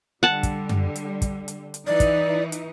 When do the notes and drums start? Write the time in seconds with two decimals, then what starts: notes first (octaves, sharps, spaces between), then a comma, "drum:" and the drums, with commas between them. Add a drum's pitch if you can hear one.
0.23 D3 G3 F#5 A5
0.43 drum: kick, hi-hat
0.69 drum: tom F#2
0.96 drum: hi-hat
1.22 drum: kick, hi-hat
1.48 drum: hi-hat
1.74 drum: hi-hat
1.87 E3 D#4 E4 D5
2.00 drum: kick, hi-hat
2.52 drum: hi-hat